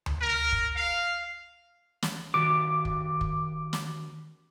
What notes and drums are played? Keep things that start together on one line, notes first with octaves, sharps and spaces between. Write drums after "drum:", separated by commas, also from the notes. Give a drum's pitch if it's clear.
drum: tom D2
A#4
drum: kick
F5
drum: snare
D#3 F#4 G4 D6
drum: kick
drum: kick
drum: snare